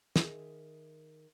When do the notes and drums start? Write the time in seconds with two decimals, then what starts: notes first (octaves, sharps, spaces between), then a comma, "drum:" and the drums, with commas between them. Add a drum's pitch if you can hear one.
0.16 D#3 G#4 E5, drum: snare